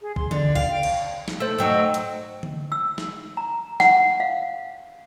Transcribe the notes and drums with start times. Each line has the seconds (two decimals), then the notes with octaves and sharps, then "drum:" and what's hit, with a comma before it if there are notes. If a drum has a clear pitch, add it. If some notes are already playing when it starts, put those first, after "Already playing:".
0.01 G#4
0.16 C6, drum: kick
0.31 D3 D5, drum: tom D3
0.55 F5, drum: kick
0.71 G5
0.83 drum: cymbal
1.28 drum: snare
1.40 A3 C5 E6
1.58 G#2 F#3 D#4 F#5 G5 E6
1.94 drum: hi-hat
2.43 drum: tom D3
2.72 E6
2.98 drum: snare
3.37 A#5
3.80 F#5, drum: snare
4.20 F5